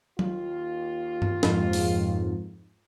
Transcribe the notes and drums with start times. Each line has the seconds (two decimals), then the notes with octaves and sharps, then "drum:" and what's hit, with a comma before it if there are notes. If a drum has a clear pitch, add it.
0.19 D#2 F4, drum: tom
1.22 drum: tom G2
1.43 F2 G#2, drum: snare
1.73 drum: open hi-hat